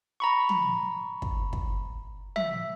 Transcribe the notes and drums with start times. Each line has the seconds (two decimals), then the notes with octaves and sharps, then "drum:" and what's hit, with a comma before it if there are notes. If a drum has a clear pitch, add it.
0.20 A#5 B5 C#6
0.49 drum: tom
1.22 drum: kick
1.53 drum: kick
2.36 E5, drum: tom